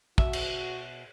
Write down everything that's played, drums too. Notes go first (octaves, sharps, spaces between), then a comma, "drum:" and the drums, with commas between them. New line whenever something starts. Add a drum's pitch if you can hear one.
B2 F#4 E5, drum: kick
drum: cymbal